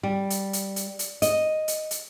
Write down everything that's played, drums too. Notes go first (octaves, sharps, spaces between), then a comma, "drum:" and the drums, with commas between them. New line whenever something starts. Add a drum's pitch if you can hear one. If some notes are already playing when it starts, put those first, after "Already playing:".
G3
drum: hi-hat
drum: hi-hat
drum: hi-hat
drum: hi-hat
D#5, drum: hi-hat
drum: hi-hat
drum: hi-hat